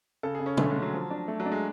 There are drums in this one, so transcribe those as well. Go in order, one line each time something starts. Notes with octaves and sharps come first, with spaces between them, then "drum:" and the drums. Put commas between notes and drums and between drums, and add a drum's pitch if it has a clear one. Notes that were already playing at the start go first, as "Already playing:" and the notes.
C#3 A4
G#4
C#3
C#4
D3 A3, drum: tom B2
G#3
D3
F#3
F3
D4
A3
F#3
D4
G#3